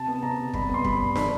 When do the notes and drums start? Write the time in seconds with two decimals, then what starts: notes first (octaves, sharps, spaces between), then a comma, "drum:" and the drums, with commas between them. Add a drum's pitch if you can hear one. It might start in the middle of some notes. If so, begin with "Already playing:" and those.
Already playing: C3 A5
0.08 B3
0.23 C3 A#5
0.38 C3
0.53 G2 B5, drum: kick
0.69 B3 C6
0.84 G3 B5, drum: kick
1.01 G2
1.15 D4 B5, drum: snare